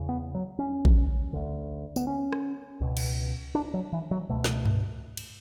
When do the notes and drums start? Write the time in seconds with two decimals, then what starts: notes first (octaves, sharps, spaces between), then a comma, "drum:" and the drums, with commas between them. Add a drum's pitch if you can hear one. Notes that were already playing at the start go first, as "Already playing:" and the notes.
Already playing: E2 C#3
0.09 B3
0.35 F#3
0.59 C#4
0.85 drum: kick A1
1.33 D2 D3
1.96 B3, drum: tambourine
2.07 C#4
2.32 drum: rim click
2.81 C#2 B2
2.97 drum: cymbal
3.55 D4
3.74 F#3
3.93 E3
4.11 F#3
4.29 C#2 B2 A3
4.44 drum: snare
4.66 drum: tom G2
5.17 drum: cymbal